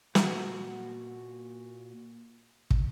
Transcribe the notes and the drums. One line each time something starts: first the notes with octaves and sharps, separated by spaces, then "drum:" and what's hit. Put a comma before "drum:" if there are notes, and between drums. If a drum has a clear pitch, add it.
A#2 F#4, drum: snare
drum: kick